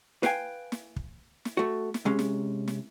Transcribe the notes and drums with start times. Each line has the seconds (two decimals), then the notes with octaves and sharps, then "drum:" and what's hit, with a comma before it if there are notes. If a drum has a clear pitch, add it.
0.23 B4 F5 G5 G#5, drum: snare
0.72 drum: snare
0.96 drum: kick
1.45 drum: snare
1.57 A3 F#4
1.94 drum: snare
2.05 C3 G#3 C#4
2.19 drum: snare
2.68 drum: snare